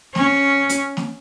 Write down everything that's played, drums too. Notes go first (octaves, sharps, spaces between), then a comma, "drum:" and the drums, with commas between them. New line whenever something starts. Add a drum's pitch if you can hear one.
C#4, drum: snare
drum: hi-hat
drum: snare